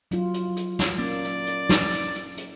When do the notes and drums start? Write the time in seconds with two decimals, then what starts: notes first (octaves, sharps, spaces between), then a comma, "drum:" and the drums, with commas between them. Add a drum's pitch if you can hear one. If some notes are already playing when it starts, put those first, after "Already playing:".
0.11 F#3 F4, drum: hi-hat
0.34 drum: hi-hat
0.56 drum: hi-hat
0.79 drum: snare
0.98 A#3 C#4 D5
1.24 drum: hi-hat
1.47 drum: hi-hat
1.69 drum: snare
1.92 drum: hi-hat
2.15 drum: hi-hat
2.37 drum: hi-hat